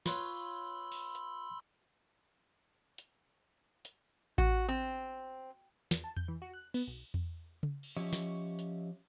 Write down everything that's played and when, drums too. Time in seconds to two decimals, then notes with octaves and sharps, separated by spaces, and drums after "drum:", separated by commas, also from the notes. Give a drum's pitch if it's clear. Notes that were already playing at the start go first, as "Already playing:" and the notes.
0.06 F4 B4 C#5 B5 C6 E6, drum: snare
0.92 drum: open hi-hat
1.15 drum: hi-hat
2.98 drum: hi-hat
3.85 drum: hi-hat
4.38 F#4, drum: kick A1
4.68 C4
5.91 E2, drum: snare
6.04 A5
6.17 G6, drum: tom E2
6.28 E3
6.42 F#4
6.53 F#6
6.74 B3, drum: cymbal
6.87 B1
7.14 drum: tom E2
7.63 drum: tom C#3
7.83 drum: cymbal
7.97 F3 C#4 G4 C#5 D#5 E5
8.13 drum: snare
8.59 drum: hi-hat